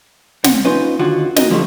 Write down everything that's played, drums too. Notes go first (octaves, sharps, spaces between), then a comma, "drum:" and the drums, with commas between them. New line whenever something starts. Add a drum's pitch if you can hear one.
B1 C3 F#5, drum: snare
C#4 D#4 F4 B4 C5
D#2 D3 F4 F#4
D#4 F#4 A#4 D#5, drum: snare
D#2 D3 F3 G3 A3